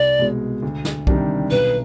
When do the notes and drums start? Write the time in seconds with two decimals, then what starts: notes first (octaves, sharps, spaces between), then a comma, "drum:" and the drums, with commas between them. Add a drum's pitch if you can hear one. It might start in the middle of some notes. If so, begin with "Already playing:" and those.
Already playing: C2 D5
0.19 B2 G#3
0.63 D2
0.85 drum: snare
1.07 C3 D#3 G3 D4, drum: kick
1.51 B1 B4